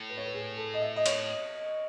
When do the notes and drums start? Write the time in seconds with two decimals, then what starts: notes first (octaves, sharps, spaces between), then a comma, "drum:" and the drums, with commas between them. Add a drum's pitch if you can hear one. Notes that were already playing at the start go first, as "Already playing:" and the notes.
Already playing: A2
0.09 B4
0.17 C#5
0.26 B4
0.34 G#4
0.57 A4
0.74 D#5
0.82 E5
0.96 D#5
1.06 C#5, drum: cymbal